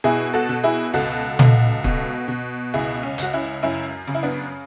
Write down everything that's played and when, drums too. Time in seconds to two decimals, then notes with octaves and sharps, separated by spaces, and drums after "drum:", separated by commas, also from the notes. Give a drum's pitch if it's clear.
0.04 B2 E4 G#4
0.34 F#4 A4
0.49 B2
0.64 E4 G#4
0.93 C#2 F#4 A4
1.39 C#2, drum: tom
1.84 B2, drum: kick
2.28 B2
2.74 C#2 E4 G#4
3.03 C#4
3.18 C#2 F#4, drum: hi-hat
3.34 C#4 E4
3.63 F#2 C#4 E4
4.07 C#3
4.15 E4
4.23 B3 D4